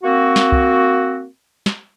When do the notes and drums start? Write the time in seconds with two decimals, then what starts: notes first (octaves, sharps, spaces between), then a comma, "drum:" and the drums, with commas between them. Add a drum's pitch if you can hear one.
0.03 A#3 C4 F#4
0.36 drum: snare
0.52 drum: kick C2
1.66 drum: snare